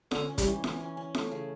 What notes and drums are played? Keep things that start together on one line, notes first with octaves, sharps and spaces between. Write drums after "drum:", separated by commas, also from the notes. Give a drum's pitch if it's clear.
D3 C#4, drum: snare F4
C#4
G3, drum: kick, hi-hat
E3
E3, drum: snare F4
C#4
C#4
A3, drum: snare F4
C#3